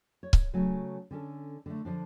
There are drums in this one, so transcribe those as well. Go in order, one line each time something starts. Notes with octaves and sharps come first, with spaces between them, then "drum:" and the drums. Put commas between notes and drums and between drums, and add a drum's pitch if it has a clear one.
C#5
drum: kick C#1
C#3 F#3 A3 G#5
D3 C#4 A4
D3 A3
D3 F3 D4